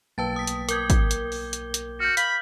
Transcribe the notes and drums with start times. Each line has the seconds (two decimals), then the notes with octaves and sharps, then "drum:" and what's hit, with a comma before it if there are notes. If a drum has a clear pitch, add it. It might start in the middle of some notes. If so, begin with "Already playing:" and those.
0.18 B1 A#3 B4 G5 A5 A6
0.36 D#6 B6
0.47 drum: hi-hat
0.69 A#4 D6 G6 G#6 G7, drum: hi-hat
0.90 drum: kick G#1, hi-hat
1.11 drum: hi-hat
1.32 drum: open hi-hat
1.53 drum: hi-hat
1.74 drum: hi-hat
2.00 F#4 F6 G6
2.17 F5 B5 B6 F#7, drum: hi-hat